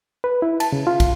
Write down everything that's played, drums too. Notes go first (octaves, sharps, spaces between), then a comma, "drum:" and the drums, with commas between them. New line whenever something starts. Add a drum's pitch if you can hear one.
B4
E4
A5, drum: cymbal
C#3
F4
drum: kick, cymbal